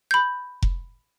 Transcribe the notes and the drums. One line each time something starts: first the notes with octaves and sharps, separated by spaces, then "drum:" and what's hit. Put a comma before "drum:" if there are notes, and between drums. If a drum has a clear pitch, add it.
B5 G6
drum: kick F1